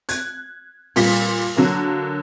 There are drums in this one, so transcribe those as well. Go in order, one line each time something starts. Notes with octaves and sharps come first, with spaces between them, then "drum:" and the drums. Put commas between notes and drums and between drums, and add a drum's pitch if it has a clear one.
F#6 G#6, drum: hi-hat
A#2 G3 F4 B6, drum: open hi-hat
D3 F#3 A#3